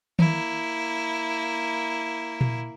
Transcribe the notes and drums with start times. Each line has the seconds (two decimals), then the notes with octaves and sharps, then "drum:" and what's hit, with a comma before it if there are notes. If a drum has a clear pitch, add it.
0.19 A#3 E4, drum: tom D#3
2.41 drum: tom A#2